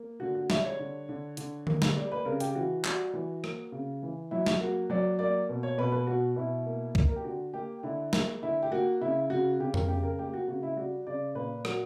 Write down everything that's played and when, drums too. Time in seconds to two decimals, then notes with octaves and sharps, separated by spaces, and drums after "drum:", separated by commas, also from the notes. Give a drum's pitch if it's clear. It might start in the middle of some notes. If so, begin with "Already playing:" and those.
Already playing: A#3
0.20 D3 F#4
0.35 F#4
0.50 G3 E5, drum: snare
0.64 C#5
0.80 D3
1.09 D3
1.37 D3, drum: hi-hat
1.67 A#3, drum: tom D3
1.82 drum: snare
1.96 G3
2.12 B4
2.25 C#3 A#4
2.40 G4, drum: hi-hat
2.55 E3 F#4
2.85 G3 F#4, drum: clap
3.13 E3
3.44 A#3, drum: rim click
3.72 C#3
4.03 E3
4.31 F#3 E4
4.46 drum: snare
4.60 A#3 F#4
4.90 F#3 D5
5.19 A#3 D5
5.49 B2
5.63 C#5
5.78 B2 B4
5.92 B4
6.07 B2 F#4
6.36 B2 E4
6.66 A#3
6.95 A#3, drum: kick C#2
7.08 A#4
7.16 G4
7.24 D3 F#4
7.54 A#3 G4
7.83 D3 E4
8.13 A#3, drum: snare
8.42 D3 E4
8.63 G4
8.72 A#3 F#4
9.01 C#3 E4
9.30 C#3 F#4
9.60 C#3 G4
9.74 A#4, drum: tom F2
9.88 C#3 G4
10.03 A#4
10.19 A#3 G4
10.33 F#4
10.48 C#3 F#4
10.63 E4
10.76 G3 F#4
11.07 C#3 D5
11.35 A#2 B4
11.65 A#3 F#4, drum: rim click